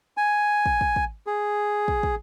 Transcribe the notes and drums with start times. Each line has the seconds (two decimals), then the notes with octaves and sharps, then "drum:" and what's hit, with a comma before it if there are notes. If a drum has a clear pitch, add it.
0.17 G#5
0.66 drum: kick
0.81 drum: kick
0.96 drum: kick
1.27 G#4
1.88 drum: kick
2.03 drum: kick